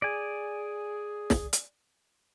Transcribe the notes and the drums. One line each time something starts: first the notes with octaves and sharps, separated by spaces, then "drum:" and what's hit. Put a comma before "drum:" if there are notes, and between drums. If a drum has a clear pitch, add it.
G#4 D5 G#5
drum: snare
drum: hi-hat